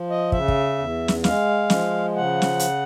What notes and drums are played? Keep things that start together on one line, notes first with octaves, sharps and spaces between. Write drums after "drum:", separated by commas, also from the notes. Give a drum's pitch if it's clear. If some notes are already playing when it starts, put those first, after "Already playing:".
Already playing: F3
D#5
C#3 E5, drum: kick
drum: kick
E2
drum: snare
G#3 F5, drum: snare
F3, drum: snare
C#3 F#5
drum: snare
drum: hi-hat